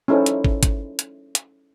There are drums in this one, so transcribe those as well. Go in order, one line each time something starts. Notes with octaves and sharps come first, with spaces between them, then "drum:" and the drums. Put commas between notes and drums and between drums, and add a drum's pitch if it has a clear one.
C#4 D#4 E4 A4 C5
drum: hi-hat
drum: kick
drum: kick, hi-hat
drum: hi-hat
drum: hi-hat